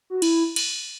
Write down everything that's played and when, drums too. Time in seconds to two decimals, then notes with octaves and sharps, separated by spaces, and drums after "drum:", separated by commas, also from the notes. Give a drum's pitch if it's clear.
0.10 F#4
0.22 E4, drum: cymbal
0.56 drum: cymbal